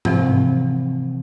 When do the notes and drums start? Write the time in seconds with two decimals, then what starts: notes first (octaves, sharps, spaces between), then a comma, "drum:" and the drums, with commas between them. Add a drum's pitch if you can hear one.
0.05 C3 E3 F3 C4, drum: tom G#2